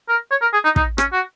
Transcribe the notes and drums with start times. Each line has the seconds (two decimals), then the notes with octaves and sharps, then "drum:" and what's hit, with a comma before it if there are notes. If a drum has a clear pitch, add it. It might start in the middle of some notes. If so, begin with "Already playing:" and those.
0.09 A#4
0.31 C#5
0.42 A#4
0.53 G#4
0.64 D#4
0.76 D#4, drum: kick
0.98 C#4, drum: rim click
1.13 F#4